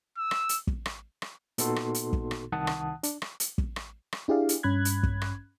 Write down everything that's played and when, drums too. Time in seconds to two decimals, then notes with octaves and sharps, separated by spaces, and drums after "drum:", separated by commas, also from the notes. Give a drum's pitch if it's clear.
0.18 E6
0.31 drum: rim click
0.49 drum: hi-hat
0.67 drum: kick
0.86 drum: rim click
1.22 drum: rim click
1.58 A#2 B3 D#4 F#4 A4 C6, drum: hi-hat
1.76 drum: rim click
1.94 drum: hi-hat
2.13 drum: kick
2.31 drum: rim click
2.52 C2 D#3 F#5 A5 D#6 F#6
2.67 drum: rim click
3.03 D4, drum: hi-hat
3.22 drum: rim click
3.40 drum: hi-hat
3.58 drum: kick
3.76 drum: rim click
4.12 drum: rim click
4.28 D4 E4 G4 G#4 D5 F5
4.49 drum: hi-hat
4.63 G2 C#4 B5 F#6 G#6
4.85 drum: hi-hat
5.03 drum: kick
5.21 drum: rim click